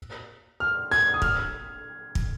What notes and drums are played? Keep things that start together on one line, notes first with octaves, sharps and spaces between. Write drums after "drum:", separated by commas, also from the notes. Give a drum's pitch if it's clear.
F6
G#6
D#6
F6, drum: kick
drum: kick